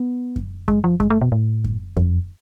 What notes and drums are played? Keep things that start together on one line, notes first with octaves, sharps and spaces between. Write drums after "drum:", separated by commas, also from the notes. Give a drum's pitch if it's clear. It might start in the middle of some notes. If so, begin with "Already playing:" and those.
Already playing: B3
drum: kick F#2
G#3, drum: kick F#2
F3
G#3, drum: kick F#2
A3
B2
A2
drum: kick F#2
F2, drum: kick F#2